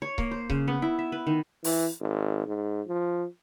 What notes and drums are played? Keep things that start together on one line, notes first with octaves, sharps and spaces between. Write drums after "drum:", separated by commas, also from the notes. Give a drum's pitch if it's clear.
C#5
A#3, drum: kick C#1
C5
C#3, drum: kick C#1
B3
E4
E5
B4
D#3
E3, drum: open hi-hat
G#1
G#2
F3